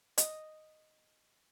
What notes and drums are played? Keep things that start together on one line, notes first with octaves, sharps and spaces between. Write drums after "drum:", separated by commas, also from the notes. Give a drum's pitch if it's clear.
D#5, drum: hi-hat